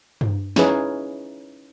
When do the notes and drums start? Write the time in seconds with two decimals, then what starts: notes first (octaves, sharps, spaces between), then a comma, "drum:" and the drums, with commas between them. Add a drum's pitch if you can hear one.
0.21 drum: tom G2
0.56 C#4 D#4 E4 G#4 B4, drum: snare